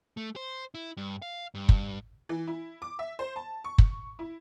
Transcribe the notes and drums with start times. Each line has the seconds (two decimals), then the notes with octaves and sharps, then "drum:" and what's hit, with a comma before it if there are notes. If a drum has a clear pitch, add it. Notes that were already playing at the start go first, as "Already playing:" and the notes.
0.17 A3
0.36 C5
0.74 E4
0.97 G2
1.22 F5
1.55 G2
1.69 drum: kick
2.29 E3
2.47 E4
2.82 D6
2.99 E5
3.19 C5
3.36 A5
3.64 C#6
3.78 drum: kick
4.19 E4